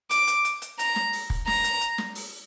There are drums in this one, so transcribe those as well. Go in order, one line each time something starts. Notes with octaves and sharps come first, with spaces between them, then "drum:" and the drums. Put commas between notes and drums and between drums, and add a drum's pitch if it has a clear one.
D6, drum: hi-hat
drum: hi-hat
drum: hi-hat
drum: hi-hat
A#5, drum: hi-hat
drum: snare
drum: open hi-hat
drum: kick
A#5, drum: snare
drum: hi-hat
drum: hi-hat
drum: snare
drum: open hi-hat